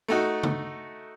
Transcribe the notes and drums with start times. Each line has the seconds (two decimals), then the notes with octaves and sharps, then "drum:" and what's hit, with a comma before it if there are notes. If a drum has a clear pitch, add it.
0.08 A3 D#4 F#4
0.43 drum: tom